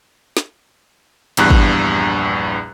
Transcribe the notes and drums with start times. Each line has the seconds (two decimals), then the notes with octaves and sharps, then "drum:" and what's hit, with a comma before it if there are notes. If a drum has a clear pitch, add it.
0.37 drum: snare
1.37 A#1 E2 G2 F#6, drum: hi-hat
1.50 drum: kick